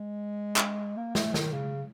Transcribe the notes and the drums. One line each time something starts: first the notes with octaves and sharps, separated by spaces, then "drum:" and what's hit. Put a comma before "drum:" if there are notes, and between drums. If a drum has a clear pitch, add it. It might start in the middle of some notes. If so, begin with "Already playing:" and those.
Already playing: G#3
drum: clap
A#3
A3, drum: snare
D#3, drum: snare
C#3